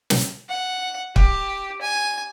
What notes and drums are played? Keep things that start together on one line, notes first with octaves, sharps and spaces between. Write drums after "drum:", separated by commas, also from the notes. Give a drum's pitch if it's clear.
drum: snare
F#5
G4, drum: kick
G#5